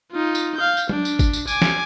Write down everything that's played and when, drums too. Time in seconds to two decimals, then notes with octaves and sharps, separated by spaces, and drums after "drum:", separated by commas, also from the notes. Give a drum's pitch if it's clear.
0.12 D#4 F4
0.35 drum: tambourine
0.57 F5 G6
0.77 drum: tambourine
0.89 D4, drum: tom F#3
1.05 drum: tambourine
1.19 drum: kick, tambourine
1.33 drum: tambourine
1.47 G#5 D6, drum: tambourine
1.62 drum: snare